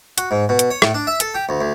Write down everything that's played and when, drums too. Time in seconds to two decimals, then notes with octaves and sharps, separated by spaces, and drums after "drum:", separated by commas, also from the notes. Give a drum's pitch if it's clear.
0.18 F#4, drum: hi-hat
0.31 G#2
0.49 B2
0.59 drum: hi-hat
0.70 C#5
0.82 A2, drum: rim click
0.94 D4
1.07 E5
1.20 A4, drum: hi-hat
1.34 G4
1.49 D2
1.61 D2